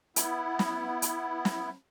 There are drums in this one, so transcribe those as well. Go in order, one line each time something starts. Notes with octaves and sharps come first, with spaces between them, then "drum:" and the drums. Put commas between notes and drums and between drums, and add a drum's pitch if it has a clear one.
B3 E4, drum: hi-hat
drum: snare
drum: hi-hat
drum: snare